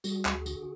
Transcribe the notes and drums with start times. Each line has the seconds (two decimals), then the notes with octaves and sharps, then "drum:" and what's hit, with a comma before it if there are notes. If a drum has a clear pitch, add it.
0.04 G3 F#4 G#4, drum: tambourine
0.25 D2, drum: clap
0.46 D3, drum: tambourine